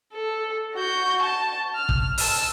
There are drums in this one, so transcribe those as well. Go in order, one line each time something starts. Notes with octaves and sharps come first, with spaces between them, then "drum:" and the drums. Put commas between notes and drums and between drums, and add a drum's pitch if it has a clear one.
A4
F#4 G6
A5
F6
drum: kick
A5 E6, drum: open hi-hat